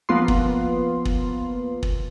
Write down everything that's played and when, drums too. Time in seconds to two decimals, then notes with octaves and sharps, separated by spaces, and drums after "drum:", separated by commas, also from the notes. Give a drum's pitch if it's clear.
0.09 F3 A#3 B3 F4 C6
0.28 drum: kick
1.05 drum: kick
1.83 drum: kick